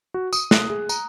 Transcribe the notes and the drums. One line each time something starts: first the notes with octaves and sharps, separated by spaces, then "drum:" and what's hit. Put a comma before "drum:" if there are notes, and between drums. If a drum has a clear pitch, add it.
F#4
D#6, drum: tambourine
F#6, drum: snare
G#4
A#5, drum: tambourine